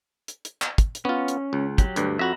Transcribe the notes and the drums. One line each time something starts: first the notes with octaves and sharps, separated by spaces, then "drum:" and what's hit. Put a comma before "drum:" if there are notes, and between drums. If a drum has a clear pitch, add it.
drum: hi-hat
drum: hi-hat
drum: clap
drum: kick, hi-hat
drum: hi-hat
B3 C#4 F4
drum: hi-hat
C#2
F#3 G4, drum: kick, hi-hat
D2 G2, drum: hi-hat
F2 F#4 E5 A#5 B5